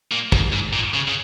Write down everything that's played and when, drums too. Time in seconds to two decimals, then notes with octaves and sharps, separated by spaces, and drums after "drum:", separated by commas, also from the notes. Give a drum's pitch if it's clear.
0.12 A#2
0.32 G#2, drum: kick
0.52 G#2
0.73 A#2
0.94 C#3
1.08 C#3